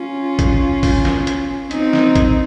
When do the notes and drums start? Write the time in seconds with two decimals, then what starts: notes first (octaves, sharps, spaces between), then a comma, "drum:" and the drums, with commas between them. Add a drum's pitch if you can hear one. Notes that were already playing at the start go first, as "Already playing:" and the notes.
Already playing: C#4 F4
0.39 drum: kick, hi-hat
0.83 drum: kick, open hi-hat
1.05 drum: snare
1.27 drum: hi-hat
1.71 C4 D#4, drum: hi-hat
1.93 drum: snare
2.15 drum: kick, hi-hat